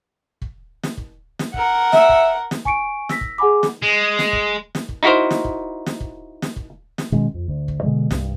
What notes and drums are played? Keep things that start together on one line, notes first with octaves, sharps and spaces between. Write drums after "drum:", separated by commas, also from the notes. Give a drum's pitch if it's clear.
drum: kick
drum: snare
drum: kick
drum: snare
A#4 F#5, drum: kick
E5, drum: snare
drum: kick
drum: snare
G#5 C#6 C#7 D7, drum: kick
E6 A#6 B6, drum: snare
drum: kick
G#4 F#5 G#5 B5 D6
drum: snare
G#3
drum: snare
drum: kick
drum: snare
drum: kick
D#4 E4 F#4 A#4 C5
drum: snare
drum: kick
drum: snare
drum: kick
drum: snare
drum: kick
drum: snare
B2 D#3 G#3 C#4, drum: kick
F2
D2
drum: kick
B2 D3 D#3 G#3
C2 G2, drum: snare